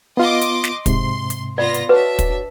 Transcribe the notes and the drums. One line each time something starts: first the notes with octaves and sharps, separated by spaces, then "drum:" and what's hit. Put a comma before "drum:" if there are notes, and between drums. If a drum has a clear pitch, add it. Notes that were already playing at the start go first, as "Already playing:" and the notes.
B3 F4 D#5 C6 D6
drum: hi-hat
drum: snare
G#2 C3 C6, drum: kick, hi-hat
drum: hi-hat
B3 F4 D5 A#6
drum: hi-hat
D4 F#4 B4 C#5 E5
drum: kick, hi-hat